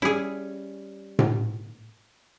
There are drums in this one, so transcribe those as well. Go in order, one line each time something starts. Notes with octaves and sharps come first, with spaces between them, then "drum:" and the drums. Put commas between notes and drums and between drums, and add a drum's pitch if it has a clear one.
G3 C#4 E4 G#4
drum: tom A2